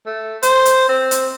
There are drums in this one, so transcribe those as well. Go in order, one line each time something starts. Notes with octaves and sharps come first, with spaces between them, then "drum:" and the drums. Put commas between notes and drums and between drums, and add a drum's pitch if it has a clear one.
A3
C5, drum: hi-hat
drum: hi-hat
C4
drum: hi-hat